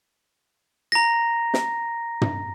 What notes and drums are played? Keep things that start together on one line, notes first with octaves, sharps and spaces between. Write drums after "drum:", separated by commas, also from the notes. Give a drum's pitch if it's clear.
A#5 A#6
drum: snare
drum: tom